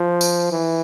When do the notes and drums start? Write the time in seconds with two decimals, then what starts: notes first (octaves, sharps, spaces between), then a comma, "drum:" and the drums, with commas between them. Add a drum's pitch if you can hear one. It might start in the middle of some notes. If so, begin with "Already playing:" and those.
Already playing: F3
0.21 drum: tambourine
0.52 E3